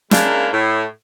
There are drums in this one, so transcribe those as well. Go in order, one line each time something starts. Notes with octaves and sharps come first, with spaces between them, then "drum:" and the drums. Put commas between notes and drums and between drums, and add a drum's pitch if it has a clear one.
C#3 G#3 A#3 D4 E4 A#4, drum: snare
A2 C#5